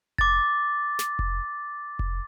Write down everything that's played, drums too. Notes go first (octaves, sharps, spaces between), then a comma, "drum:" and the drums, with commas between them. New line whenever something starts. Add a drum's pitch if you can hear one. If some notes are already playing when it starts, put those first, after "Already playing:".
D6 A6, drum: kick F1
drum: snare
drum: kick F1
drum: kick F1